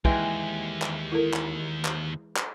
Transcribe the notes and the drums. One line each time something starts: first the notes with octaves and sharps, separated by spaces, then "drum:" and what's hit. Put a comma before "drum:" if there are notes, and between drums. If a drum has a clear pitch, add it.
D#2 E3 G#3 G5, drum: kick
drum: clap
E4 A4 A#4
drum: clap
drum: clap
drum: clap